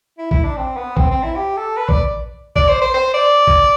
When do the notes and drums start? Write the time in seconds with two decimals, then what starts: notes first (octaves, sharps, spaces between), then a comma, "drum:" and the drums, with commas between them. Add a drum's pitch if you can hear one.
0.18 E4
0.31 E4, drum: kick A#1
0.44 D4
0.57 C4
0.77 B3
0.97 C4, drum: kick A#1
1.11 C4
1.23 E4
1.36 G4
1.57 A4
1.77 B4
1.89 D5, drum: kick A#1
2.56 D5, drum: kick A#1
2.69 C5
2.81 C5
2.94 C5
3.14 D5
3.47 drum: kick A#1